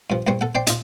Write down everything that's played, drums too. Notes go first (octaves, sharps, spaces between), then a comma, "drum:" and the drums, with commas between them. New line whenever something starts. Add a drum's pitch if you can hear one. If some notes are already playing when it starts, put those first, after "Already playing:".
G2 F3
A#1 G2 G3 C5 C#6
A4 F#5
C5 D5 G5 C6
D#4 F4, drum: hi-hat